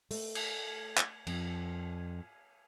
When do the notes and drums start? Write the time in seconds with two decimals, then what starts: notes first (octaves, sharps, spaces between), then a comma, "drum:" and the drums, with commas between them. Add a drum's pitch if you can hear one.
0.11 A3, drum: open hi-hat
0.35 drum: cymbal
0.97 drum: clap
1.27 F2, drum: cymbal